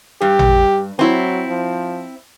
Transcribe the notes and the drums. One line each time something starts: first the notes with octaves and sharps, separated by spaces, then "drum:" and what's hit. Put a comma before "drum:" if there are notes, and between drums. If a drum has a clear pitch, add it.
G2 G4
drum: tom A1
F#3 C4 E4
F3